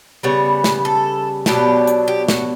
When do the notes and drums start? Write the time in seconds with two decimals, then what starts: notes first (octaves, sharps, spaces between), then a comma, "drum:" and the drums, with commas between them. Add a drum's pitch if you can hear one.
0.23 C#3 G3 B3 C#5
0.64 drum: snare
0.85 A4
1.46 B2 F#3 B3 D4 G4, drum: snare
1.87 drum: hi-hat
2.08 G4
2.28 F#4, drum: snare